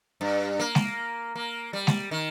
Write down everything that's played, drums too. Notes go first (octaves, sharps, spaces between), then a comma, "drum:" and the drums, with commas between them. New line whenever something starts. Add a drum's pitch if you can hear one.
G2
A#3
drum: snare G#3
A#3
G3
drum: snare G#3
D#3